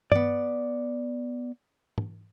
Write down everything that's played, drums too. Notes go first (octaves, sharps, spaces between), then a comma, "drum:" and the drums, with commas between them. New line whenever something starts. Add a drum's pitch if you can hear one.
B3 D5, drum: tom G2
drum: tom